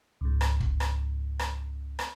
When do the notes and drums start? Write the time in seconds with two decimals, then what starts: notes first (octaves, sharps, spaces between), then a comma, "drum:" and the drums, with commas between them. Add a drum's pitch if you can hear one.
0.21 C#2 G#2
0.41 drum: rim click
0.60 drum: kick
0.80 drum: rim click
1.39 drum: rim click
1.99 drum: rim click